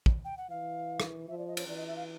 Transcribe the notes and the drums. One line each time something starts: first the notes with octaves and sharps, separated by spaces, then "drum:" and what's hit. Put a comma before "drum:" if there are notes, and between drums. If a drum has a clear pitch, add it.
drum: kick
G5
F#5
E3 F5
drum: rim click
F3 E5
D5
D#5
C#5, drum: cymbal
E3 D5
D#5
E5
F5